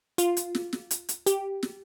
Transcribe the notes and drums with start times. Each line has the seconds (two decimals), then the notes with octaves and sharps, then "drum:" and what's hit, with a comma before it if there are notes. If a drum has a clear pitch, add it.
0.18 F4, drum: hi-hat
0.37 drum: hi-hat
0.55 drum: snare
0.73 drum: snare
0.91 drum: hi-hat
1.09 drum: hi-hat
1.26 G4, drum: hi-hat
1.63 drum: snare